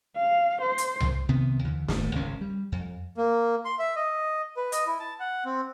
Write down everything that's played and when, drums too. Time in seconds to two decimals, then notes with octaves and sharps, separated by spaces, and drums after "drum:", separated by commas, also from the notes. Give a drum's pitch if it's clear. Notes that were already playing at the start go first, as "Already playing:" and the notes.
0.16 F5
0.62 C5
0.78 drum: hi-hat
1.00 drum: tom C2
1.28 C2 C3 D#3 B3
1.64 D#2 D3 E3
1.88 D#1 G#1 A2 A3, drum: snare
2.15 G#1 C#2 D#3 C#4
2.41 G3
2.72 F2
3.17 A#3
3.65 C6
3.79 E5
3.96 D#5
4.57 B4
4.72 D#5, drum: hi-hat
4.86 E4
5.00 A5
5.20 F#5
5.45 C4